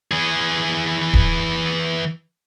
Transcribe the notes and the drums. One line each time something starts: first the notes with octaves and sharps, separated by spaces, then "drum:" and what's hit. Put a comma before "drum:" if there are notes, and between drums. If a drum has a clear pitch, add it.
E3 G#4
drum: kick D1